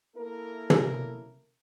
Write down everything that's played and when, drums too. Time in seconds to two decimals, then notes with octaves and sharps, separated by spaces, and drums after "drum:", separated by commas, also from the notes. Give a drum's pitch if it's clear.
0.16 A#3 E4 A4 A#4
0.70 drum: tom